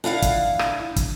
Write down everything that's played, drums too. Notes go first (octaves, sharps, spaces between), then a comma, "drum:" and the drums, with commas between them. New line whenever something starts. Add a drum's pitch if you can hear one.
D4 E4 F5 F#5
drum: kick, hi-hat
drum: rim click
drum: kick, hi-hat